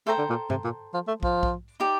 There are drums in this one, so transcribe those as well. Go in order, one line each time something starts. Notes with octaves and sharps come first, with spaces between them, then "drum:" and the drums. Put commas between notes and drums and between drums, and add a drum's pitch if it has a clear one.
A3 A4 C5 G5 A#5
D3
A#2
C3, drum: tom G2
A#2
F3
A3
F3, drum: kick
drum: kick
D#4 G4 D5